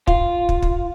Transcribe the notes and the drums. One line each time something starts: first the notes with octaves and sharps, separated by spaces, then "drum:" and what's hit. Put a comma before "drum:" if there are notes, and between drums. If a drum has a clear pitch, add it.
F4, drum: kick
drum: kick
drum: kick